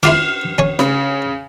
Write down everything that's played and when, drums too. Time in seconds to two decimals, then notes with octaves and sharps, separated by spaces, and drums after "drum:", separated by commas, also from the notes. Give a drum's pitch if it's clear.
0.03 E4 F4 D6 F6 C7, drum: cymbal
0.58 C#4 C#5
0.79 C#3, drum: rim click